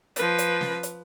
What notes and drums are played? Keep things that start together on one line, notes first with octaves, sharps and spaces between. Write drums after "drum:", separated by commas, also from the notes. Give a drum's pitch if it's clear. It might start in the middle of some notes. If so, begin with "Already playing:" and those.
F3 B4, drum: hi-hat
drum: hi-hat
drum: snare
drum: hi-hat